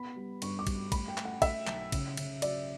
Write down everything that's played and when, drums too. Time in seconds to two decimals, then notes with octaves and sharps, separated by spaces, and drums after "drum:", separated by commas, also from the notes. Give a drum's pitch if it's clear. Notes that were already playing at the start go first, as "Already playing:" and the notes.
Already playing: B3 B5
0.16 G3
0.42 G2 C#6, drum: cymbal
0.59 D6
0.67 G3, drum: kick, cymbal
0.92 A3 B5, drum: kick, cymbal
1.08 G5
1.18 A3, drum: clap
1.25 F#5
1.42 A3 E5, drum: kick, cymbal
1.67 B1, drum: clap
1.92 C#3, drum: kick, cymbal
2.17 C#3, drum: cymbal
2.42 F#3 D5, drum: cymbal